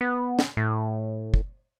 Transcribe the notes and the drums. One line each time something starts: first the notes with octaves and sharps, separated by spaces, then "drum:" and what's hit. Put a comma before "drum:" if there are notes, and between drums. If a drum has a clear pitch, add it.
B3
drum: snare
A2
drum: kick